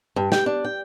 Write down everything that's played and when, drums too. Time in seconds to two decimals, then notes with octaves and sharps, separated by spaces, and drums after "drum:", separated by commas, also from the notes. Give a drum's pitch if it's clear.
0.16 G2
0.32 G5, drum: snare
0.46 D4
0.64 G5